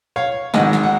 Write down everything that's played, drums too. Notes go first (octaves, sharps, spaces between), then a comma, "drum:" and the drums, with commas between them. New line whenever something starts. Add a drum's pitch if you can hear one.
C#5 F5
G#1 G#2 D#3 D#5 F#5, drum: snare
drum: snare
F#5